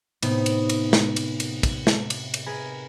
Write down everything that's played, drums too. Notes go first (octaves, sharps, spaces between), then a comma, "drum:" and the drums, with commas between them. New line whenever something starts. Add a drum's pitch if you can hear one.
A2 C3 B3 D#4, drum: cymbal
drum: cymbal
drum: cymbal
drum: snare
drum: cymbal
drum: cymbal
drum: kick, cymbal
drum: snare
drum: cymbal
drum: cymbal
G#4 A#4 B4